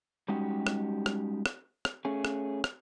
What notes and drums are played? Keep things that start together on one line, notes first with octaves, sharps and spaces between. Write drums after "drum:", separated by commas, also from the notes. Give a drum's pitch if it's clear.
G3 G#3 C#4 D#4 F#4 G4
drum: rim click
drum: rim click
drum: rim click
drum: rim click
A3 C#4 G#4
drum: rim click
drum: rim click